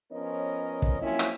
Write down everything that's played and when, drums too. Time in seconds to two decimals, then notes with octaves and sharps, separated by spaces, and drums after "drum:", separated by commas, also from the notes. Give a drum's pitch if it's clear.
0.11 F3 B3 C#4 A#4 C#5 D#5
0.82 drum: kick
1.01 F3 F#3 A#3 C4 C#4 E4
1.19 drum: rim click